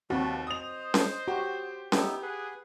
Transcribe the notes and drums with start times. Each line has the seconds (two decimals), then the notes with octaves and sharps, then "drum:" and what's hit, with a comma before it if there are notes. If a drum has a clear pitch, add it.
0.10 D#2 G3 C4 F#4 B4 A5
0.47 C5 D#5 D#6 F7
0.94 drum: snare C#4
1.28 F#4 G4
1.92 B3 D#4 E4 G4, drum: snare C#4
2.22 G#4 B4 F#5